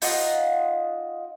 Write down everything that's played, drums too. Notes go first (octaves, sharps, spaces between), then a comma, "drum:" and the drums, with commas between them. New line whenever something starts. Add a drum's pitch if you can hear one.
D#4 F4 D#5 F#5, drum: open hi-hat